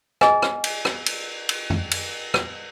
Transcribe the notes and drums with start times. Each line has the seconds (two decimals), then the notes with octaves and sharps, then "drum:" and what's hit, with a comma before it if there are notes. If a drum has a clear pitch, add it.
0.21 G#4 D#5 G#5, drum: rim click
0.42 drum: rim click
0.64 drum: cymbal
0.85 drum: rim click
1.06 drum: cymbal
1.49 drum: cymbal
1.70 drum: tom
1.91 drum: cymbal
2.34 drum: rim click